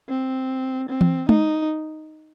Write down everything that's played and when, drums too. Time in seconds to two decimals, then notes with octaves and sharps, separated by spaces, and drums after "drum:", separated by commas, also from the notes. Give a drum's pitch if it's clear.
0.09 C4
0.89 C4
1.01 drum: tom E3
1.29 D#4, drum: tom G#3